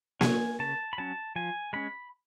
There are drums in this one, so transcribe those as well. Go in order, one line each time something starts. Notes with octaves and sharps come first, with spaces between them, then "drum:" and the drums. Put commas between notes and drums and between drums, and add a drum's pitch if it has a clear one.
F#3 C#4 G#5, drum: snare A#3
C#3 A5
B5
F#3 C#4 A5
F3 G#5
G#3 C#4 B5